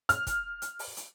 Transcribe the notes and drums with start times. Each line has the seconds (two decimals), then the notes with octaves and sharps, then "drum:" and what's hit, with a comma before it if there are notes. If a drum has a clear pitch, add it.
0.09 F6, drum: hi-hat
0.27 drum: kick, hi-hat
0.62 drum: hi-hat
0.79 drum: open hi-hat
0.97 drum: hi-hat